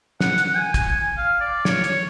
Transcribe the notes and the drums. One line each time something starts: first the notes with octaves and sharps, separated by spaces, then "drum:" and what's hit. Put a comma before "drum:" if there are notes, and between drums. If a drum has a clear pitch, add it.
F#5, drum: snare
F#5, drum: hi-hat
G#5
G#5, drum: kick, hi-hat
F5
D5
C#5, drum: snare
C#5, drum: hi-hat